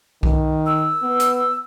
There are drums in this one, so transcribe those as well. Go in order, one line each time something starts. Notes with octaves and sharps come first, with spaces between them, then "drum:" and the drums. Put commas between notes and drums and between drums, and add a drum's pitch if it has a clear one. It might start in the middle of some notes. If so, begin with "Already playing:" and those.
D#3, drum: kick B1
E6
B3
drum: hi-hat